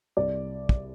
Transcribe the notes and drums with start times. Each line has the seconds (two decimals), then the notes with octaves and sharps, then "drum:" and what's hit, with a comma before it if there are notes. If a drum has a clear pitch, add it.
0.17 C2 D5
0.69 drum: kick